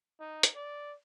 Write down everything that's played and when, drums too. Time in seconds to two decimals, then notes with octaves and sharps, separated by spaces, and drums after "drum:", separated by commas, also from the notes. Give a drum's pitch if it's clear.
0.20 D#4
0.43 drum: hi-hat
0.55 D5